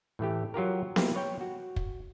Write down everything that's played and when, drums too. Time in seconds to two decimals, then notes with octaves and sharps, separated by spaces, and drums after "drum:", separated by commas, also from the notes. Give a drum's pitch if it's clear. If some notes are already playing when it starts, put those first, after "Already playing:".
0.19 A2 E3 A3 G4
0.54 F#3 F4 G4 A#4
0.96 A#3 E4 F4 G4 B4, drum: snare B3
1.14 B4 C#5 G5
1.41 F#4
1.76 drum: kick